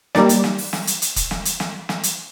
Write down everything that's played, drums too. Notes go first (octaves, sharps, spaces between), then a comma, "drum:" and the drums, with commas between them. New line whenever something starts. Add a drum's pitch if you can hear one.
G3 A#3 D#4 D5, drum: snare
drum: hi-hat
drum: snare
drum: open hi-hat
drum: snare
drum: hi-hat
drum: hi-hat
drum: kick E1, hi-hat
drum: snare
drum: hi-hat
drum: snare
drum: snare
drum: hi-hat